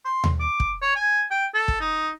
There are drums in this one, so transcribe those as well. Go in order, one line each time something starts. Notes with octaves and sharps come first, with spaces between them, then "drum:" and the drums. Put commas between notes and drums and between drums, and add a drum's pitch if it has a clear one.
C6
drum: tom D#2
D6
drum: kick
C#5
G#5
G5
A4
drum: kick
D#4